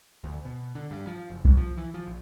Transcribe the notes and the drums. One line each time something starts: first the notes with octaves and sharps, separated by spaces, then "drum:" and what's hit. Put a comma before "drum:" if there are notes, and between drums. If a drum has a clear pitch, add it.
D2
B2
D3
G2
F3
F#1
B1, drum: kick C2
F3
E3
F3
A#1